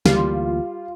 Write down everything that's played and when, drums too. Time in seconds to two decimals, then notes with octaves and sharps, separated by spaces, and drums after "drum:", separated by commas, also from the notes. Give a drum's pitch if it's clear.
0.06 D2 E3 G3 A#3 F4, drum: snare